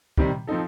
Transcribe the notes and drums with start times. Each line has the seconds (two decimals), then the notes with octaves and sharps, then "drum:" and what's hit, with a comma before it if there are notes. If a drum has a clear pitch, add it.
0.18 C3 D#3 G3, drum: kick
0.47 F3 C4 D#4 A4